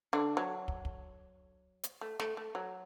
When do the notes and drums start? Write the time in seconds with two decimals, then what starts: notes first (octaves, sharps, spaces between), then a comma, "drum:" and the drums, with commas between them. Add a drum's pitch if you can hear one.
0.13 D3 D4
0.37 F#3
0.68 drum: kick
0.85 drum: kick
1.83 drum: hi-hat
2.01 A3
2.20 A3, drum: snare
2.37 A3
2.55 F#3